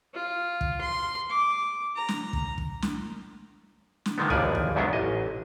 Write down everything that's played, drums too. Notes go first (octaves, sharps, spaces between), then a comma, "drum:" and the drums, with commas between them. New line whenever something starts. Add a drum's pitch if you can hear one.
F4
drum: kick
C6
D6
A#5
drum: snare
drum: kick
drum: kick
drum: snare
drum: snare
D3 D#3 F3 G#3 A3 B3
G#1 D#2 E3 F3 D5 G#5, drum: kick
drum: kick
E2 G#2 F#3 B3 C#4 D4
A1 D#5